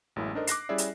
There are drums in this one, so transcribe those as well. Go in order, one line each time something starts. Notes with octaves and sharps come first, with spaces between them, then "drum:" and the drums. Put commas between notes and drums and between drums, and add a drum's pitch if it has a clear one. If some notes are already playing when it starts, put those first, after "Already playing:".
A1 F#2 G#3 A#3 E4
D4 D#4 A4 A#4 C5 D#5
D6 F#6 A#6 C7, drum: hi-hat
G3 C#4 E4 G#4 D5 E5
drum: hi-hat